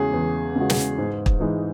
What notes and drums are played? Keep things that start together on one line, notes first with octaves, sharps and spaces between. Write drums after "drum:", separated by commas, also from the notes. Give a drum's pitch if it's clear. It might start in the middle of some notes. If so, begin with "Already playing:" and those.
Already playing: E2 C#3 G#3 C#4 F#4 G#4
E2
C#3 G#3 C#4 F#4
drum: snare
G#2
drum: kick
E3 G#3 D#4